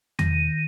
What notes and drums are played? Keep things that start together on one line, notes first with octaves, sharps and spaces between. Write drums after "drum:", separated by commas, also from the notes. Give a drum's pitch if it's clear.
D#3, drum: tom E2